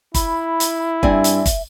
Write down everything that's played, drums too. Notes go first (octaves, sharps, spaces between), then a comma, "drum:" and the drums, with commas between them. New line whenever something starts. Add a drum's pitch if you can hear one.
E4 B5, drum: kick, hi-hat
drum: hi-hat
G2 C4 D5 E5 G#5, drum: kick
drum: hi-hat
drum: kick, hi-hat